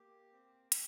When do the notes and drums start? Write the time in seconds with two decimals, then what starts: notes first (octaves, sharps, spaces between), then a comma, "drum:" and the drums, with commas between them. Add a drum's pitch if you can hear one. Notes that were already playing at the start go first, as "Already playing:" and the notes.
Already playing: A#3 G4
0.33 C4
0.72 C4, drum: hi-hat